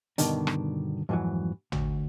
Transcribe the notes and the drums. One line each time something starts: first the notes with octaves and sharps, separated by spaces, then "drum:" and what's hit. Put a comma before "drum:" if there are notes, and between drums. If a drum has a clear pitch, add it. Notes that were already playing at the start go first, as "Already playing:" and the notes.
G2 B2 D3 D#3 D4, drum: hi-hat
drum: rim click
F2 G#2 D#3 E3 F#3
D2, drum: tom